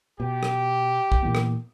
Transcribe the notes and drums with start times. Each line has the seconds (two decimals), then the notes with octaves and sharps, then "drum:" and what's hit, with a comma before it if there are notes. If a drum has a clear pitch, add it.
0.20 B2 G4
0.43 drum: rim click
1.12 drum: kick
1.23 A#2 E3 B3
1.35 drum: rim click